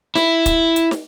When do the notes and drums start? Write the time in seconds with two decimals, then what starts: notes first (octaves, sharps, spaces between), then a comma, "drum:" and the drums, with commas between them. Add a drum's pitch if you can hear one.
0.15 E4, drum: snare
0.46 drum: kick, hi-hat
0.76 drum: hi-hat
0.91 drum: snare